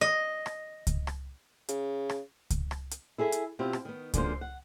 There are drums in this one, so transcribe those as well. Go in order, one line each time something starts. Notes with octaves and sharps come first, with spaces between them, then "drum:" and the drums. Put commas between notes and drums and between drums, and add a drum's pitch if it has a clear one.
D#5
drum: rim click
drum: kick C#2, hi-hat
drum: rim click
C#3, drum: hi-hat
drum: rim click
drum: kick C#2, hi-hat
drum: rim click
drum: hi-hat
E4 G#4 A4 B4 E5
drum: hi-hat
B2 C4 E4 F4 G4
drum: rim click
D#3 B3
F#2 D3 G#3 A#3 F4 C5, drum: kick C#2, hi-hat
F#5